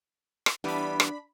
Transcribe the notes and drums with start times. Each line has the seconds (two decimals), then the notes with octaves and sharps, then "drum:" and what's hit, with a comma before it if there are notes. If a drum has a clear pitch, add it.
0.46 drum: rim click
0.64 E3 G3 B3 D4 B5
1.00 drum: rim click